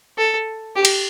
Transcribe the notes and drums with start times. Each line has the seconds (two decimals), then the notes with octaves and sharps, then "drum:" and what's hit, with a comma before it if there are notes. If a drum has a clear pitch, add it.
0.18 A4
0.75 G4
0.85 drum: cymbal